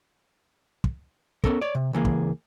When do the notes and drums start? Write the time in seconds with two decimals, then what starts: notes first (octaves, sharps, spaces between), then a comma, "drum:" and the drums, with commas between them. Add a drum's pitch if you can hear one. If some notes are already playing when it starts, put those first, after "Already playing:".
0.84 drum: kick
1.44 B3 C#4 A4 A#4, drum: kick
1.61 C#5 D5
1.75 C3
1.93 C#2 E3 A#3 G#4
2.05 drum: kick